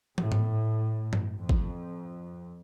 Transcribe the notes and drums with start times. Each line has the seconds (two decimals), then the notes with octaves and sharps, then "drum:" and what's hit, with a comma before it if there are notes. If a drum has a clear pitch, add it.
0.18 A2, drum: tom
0.32 drum: tom G#2
1.13 drum: tom G2
1.38 F2
1.49 drum: kick